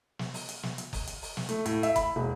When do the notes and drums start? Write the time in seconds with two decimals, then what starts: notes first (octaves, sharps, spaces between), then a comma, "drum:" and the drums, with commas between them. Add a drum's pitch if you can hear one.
0.19 drum: snare
0.34 drum: open hi-hat
0.49 drum: hi-hat
0.63 drum: snare
0.78 drum: hi-hat
0.93 drum: kick F#1, open hi-hat
1.07 drum: hi-hat
1.22 drum: open hi-hat
1.37 drum: snare
1.49 A3, drum: hi-hat
1.66 A2, drum: hi-hat
1.83 E5, drum: hi-hat
1.96 B5, drum: kick F#1, hi-hat
2.16 E1